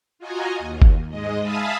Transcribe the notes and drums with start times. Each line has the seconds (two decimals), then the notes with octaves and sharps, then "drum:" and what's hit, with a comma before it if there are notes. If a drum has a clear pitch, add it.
0.19 F4 F#4 D#5 G#5 A#5
0.59 D#2
0.82 drum: kick G1
1.10 G#2 G#3 D#5
1.39 E5 F5 G#5 A5 B5 D#6